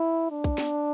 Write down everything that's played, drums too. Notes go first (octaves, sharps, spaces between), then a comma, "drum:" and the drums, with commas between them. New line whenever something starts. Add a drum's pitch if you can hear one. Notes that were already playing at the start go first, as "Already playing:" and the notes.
Already playing: E4
D4
drum: kick
drum: snare B3